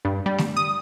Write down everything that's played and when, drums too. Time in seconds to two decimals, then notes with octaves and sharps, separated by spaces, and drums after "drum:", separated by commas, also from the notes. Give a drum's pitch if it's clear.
0.05 G2
0.26 G3
0.38 drum: snare A3
0.57 D#6